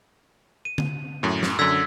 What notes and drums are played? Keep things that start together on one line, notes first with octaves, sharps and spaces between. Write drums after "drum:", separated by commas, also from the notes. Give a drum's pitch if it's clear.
D#7
drum: tom D3
F#2 A2
drum: snare
F#2 D3 E6 G#6 B6